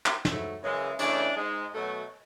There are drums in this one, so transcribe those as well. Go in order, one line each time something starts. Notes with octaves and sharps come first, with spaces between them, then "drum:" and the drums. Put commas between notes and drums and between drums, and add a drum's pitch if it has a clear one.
drum: clap
G#2 F#3 A3 E4, drum: snare
F#2 C#3 E3 G#3
C#3 E3 A3 D4, drum: cymbal
G#2 G#3
B2 F#3 A3